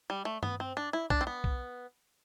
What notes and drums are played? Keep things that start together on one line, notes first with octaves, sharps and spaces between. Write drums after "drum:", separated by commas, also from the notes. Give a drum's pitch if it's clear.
G3
A3
B3, drum: tom G2
C4
D4
E4
D4, drum: kick B1
C4
B3
drum: kick B1